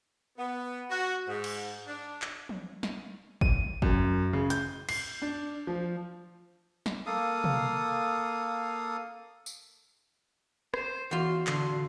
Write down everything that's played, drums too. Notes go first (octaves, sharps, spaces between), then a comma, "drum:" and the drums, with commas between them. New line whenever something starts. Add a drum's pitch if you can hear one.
B3
F#4
G#2
drum: cymbal
D4
drum: clap
drum: tom
drum: snare
D#7, drum: kick G1
F#2, drum: kick G1
C#3
G6, drum: hi-hat
C7, drum: cymbal
D4
F3
drum: snare
A#3 A4 F5 D#6
drum: tom
drum: tambourine
C5, drum: rim click
E2 F4 F#4 C6
D3 C6, drum: clap